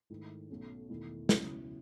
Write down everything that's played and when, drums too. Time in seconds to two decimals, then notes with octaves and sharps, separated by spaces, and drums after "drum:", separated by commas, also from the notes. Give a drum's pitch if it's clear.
0.10 G#2 D#3 A3 E4
0.49 B1 B2 A3 C#4
0.90 E1 E2 D#3 A3 E4
1.29 C#2 B2 F#3 C#4 E4, drum: snare